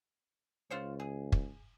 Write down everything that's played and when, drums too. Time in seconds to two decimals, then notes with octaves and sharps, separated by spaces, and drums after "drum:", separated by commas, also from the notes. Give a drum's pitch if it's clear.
0.70 C#2 F4 C5 C#5
1.00 G#4
1.32 drum: kick